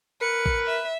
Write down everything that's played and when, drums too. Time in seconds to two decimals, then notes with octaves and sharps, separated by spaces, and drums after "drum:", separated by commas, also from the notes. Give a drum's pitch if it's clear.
0.21 A#4 B4 C#7
0.46 drum: kick A#1
0.66 E5